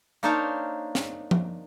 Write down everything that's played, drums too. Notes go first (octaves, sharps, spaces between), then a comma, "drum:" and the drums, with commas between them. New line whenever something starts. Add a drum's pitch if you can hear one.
A#3 D4 D#4 C5 C#5 F5
drum: snare
drum: tom